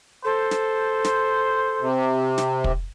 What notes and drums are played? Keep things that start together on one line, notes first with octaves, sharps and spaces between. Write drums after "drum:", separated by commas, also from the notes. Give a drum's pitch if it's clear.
A4 C5
drum: snare
drum: snare
C3
drum: snare
drum: kick